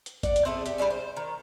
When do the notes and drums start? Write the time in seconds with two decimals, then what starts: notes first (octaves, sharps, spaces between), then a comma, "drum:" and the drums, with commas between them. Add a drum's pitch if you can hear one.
0.06 drum: hi-hat
0.23 D5 F#5, drum: kick, hi-hat
0.36 drum: hi-hat
0.45 C4 E4 G#4 A4
0.66 G4, drum: hi-hat
0.78 G3 G#3 D4 G#5
0.90 C5
1.16 D#3